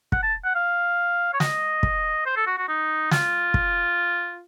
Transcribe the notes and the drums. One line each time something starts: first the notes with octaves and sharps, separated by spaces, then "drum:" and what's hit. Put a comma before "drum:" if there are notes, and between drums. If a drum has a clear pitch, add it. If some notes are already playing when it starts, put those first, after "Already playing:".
F#5, drum: kick
A5
F#5
F5
C#5
D#5, drum: snare
drum: kick
C5
A4
F#4
F#4
D#4
F4, drum: snare
drum: kick